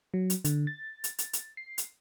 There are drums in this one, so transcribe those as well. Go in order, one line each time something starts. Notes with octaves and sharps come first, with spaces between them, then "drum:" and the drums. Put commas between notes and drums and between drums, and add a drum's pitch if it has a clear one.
F#3
drum: hi-hat
D3, drum: hi-hat
A6
drum: hi-hat
drum: hi-hat
drum: hi-hat
C7
drum: hi-hat